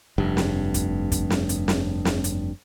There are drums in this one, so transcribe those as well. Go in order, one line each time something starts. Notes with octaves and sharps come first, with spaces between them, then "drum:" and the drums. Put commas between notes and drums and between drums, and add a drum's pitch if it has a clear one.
F1 G2
drum: snare
drum: kick, hi-hat
drum: kick, hi-hat
drum: snare
drum: hi-hat
drum: snare
drum: snare
drum: hi-hat